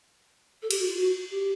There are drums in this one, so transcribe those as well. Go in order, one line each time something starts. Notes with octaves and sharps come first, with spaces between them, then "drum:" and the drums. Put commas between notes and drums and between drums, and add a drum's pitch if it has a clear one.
A4
G4, drum: cymbal
F#4
F4
F#4
G4